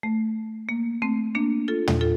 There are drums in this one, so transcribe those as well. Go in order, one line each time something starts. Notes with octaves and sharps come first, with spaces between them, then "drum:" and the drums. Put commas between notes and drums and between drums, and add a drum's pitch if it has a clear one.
A3
A#3
A3 C4
A#3 D4
F4 A4
drum: tom
F4 A4